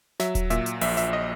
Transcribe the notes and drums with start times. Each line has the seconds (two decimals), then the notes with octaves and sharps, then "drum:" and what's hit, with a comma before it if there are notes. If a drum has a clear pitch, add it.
0.20 F#3 E5, drum: snare
0.35 drum: kick D#1, hi-hat
0.50 A#2 E5, drum: hi-hat
0.66 drum: hi-hat
0.81 A#1 E5, drum: open hi-hat
0.97 E5, drum: hi-hat
1.13 D#5